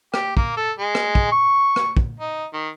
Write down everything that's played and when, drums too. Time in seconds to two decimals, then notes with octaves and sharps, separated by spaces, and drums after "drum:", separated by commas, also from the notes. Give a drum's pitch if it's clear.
0.14 G4, drum: rim click
0.37 A#3, drum: kick
0.57 A4
0.79 G#3
0.95 drum: rim click
1.15 drum: kick
1.32 C#6
1.76 drum: rim click
1.97 drum: kick
2.20 D#4
2.53 D#3